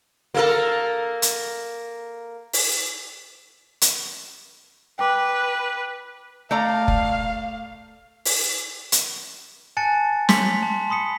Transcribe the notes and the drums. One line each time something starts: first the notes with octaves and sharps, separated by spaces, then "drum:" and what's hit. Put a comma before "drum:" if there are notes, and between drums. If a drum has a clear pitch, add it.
A#3 A4 A#4
drum: hi-hat
drum: open hi-hat
drum: hi-hat
B4 G5 D6
A3 D5 F5 A#5
drum: kick F1
drum: open hi-hat
drum: hi-hat
G#5 A5 F#6 A6 C#7
C6 B6 C#7 F7 F#7, drum: snare
A5
B5 C6 D#6 B6 C#7